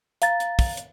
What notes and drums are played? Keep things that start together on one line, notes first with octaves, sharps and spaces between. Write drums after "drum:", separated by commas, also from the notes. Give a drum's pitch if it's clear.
F5 A#5 A6, drum: hi-hat
drum: hi-hat
drum: kick, open hi-hat
drum: hi-hat